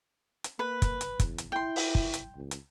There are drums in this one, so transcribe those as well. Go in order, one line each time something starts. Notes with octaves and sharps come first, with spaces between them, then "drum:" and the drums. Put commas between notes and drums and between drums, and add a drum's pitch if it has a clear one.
drum: hi-hat
A#3 B4
drum: kick, hi-hat
drum: hi-hat
E2, drum: kick, hi-hat
drum: hi-hat
E4 G5 C6
drum: open hi-hat
drum: kick
drum: hi-hat
C#2
drum: hi-hat